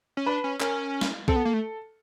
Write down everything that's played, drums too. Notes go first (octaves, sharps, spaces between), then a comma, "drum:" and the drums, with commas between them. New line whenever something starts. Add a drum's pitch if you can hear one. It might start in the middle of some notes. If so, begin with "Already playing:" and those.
C#4
D4 B4
C#4
C#4 A#4, drum: clap
drum: snare
C4 A4, drum: kick B1
B3
A#3
A3